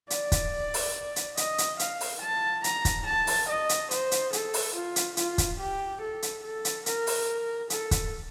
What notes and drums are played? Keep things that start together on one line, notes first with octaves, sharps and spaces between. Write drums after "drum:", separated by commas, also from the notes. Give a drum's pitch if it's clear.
D5, drum: hi-hat
drum: kick, hi-hat
drum: open hi-hat
drum: hi-hat
D#5, drum: hi-hat
drum: hi-hat
F5, drum: hi-hat
drum: open hi-hat
A5
A#5, drum: hi-hat
drum: kick, hi-hat
A5
drum: open hi-hat
D#5
drum: hi-hat
C5, drum: hi-hat
drum: hi-hat
A4, drum: hi-hat
drum: open hi-hat
F4
drum: hi-hat
F4, drum: hi-hat
drum: kick, hi-hat
G4
A4
drum: hi-hat
A4
drum: hi-hat
A#4, drum: hi-hat
drum: open hi-hat
A4, drum: hi-hat
drum: kick, hi-hat